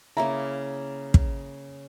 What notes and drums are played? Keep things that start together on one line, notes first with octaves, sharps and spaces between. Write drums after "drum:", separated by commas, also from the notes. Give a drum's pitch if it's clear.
C#3 A#3 E4 E5 A#5
drum: kick